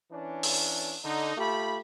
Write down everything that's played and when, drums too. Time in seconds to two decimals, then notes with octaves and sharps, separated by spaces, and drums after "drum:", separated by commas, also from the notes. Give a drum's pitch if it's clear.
0.11 E3 C#4 D4
0.43 drum: open hi-hat
1.03 D3 D#4
1.37 A3 F4 G4 B5